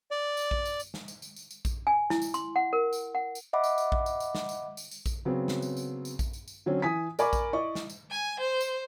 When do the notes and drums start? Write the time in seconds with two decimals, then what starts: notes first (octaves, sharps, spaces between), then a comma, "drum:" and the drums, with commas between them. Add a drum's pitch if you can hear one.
0.11 D5
0.37 drum: tambourine
0.51 drum: kick A#1
0.65 drum: tambourine
0.80 drum: tambourine
0.94 drum: snare
1.08 drum: tambourine
1.22 drum: tambourine
1.36 drum: tambourine
1.51 drum: tambourine
1.65 drum: kick A#1, tambourine
1.87 G#5
2.10 E4, drum: snare
2.22 drum: tambourine
2.34 C6, drum: tambourine
2.56 F#5
2.73 A#4
2.93 drum: tambourine
3.15 F#5
3.35 drum: tambourine
3.53 D#5 E5 F#5 B5 D6
3.64 drum: tambourine
3.78 drum: tambourine
3.92 drum: kick A#1
4.06 drum: tambourine
4.20 drum: tambourine
4.35 drum: snare
4.49 drum: tambourine
4.77 drum: tambourine
4.91 drum: tambourine
5.06 drum: kick A#1, tambourine
5.25 C#3 F#3 B3 C4
5.48 drum: snare
5.62 drum: tambourine
5.77 drum: tambourine
6.05 drum: tambourine
6.19 drum: kick A#1, tambourine
6.33 drum: tambourine
6.48 drum: tambourine
6.66 D3 F#3 C4 C#4
6.82 E3 G#5 D#6 B6
7.19 A#4 D5 G#5 B5 C#6 D6, drum: tambourine
7.33 drum: kick A#1, tambourine
7.53 E4 D5 D#5 C#6
7.75 drum: snare
7.90 drum: tambourine
8.11 G#5
8.40 C5
8.61 drum: tambourine